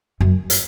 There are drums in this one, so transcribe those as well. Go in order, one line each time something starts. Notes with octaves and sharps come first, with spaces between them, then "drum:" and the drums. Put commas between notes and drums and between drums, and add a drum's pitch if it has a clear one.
F#2
drum: hi-hat